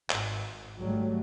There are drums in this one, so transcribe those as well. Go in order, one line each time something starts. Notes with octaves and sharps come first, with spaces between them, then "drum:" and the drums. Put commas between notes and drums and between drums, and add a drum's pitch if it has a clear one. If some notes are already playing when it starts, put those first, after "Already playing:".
G#1, drum: clap
G#1 F#3 G3 A3